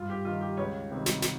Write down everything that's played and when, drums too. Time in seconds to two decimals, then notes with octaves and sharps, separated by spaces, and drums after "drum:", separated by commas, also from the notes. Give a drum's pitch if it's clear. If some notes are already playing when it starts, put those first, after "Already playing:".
Already playing: G2 F4
0.10 G4
0.25 D#3 F4
0.41 G4
0.57 C#2 C#5
0.90 C3 D#3
1.06 drum: snare
1.22 drum: snare